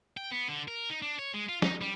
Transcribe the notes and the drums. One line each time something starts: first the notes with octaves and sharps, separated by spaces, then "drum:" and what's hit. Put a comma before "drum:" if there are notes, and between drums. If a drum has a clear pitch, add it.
G5
B3
D3
A#4
D#4
D4
C#5
G#3
F4
D#4, drum: snare
G3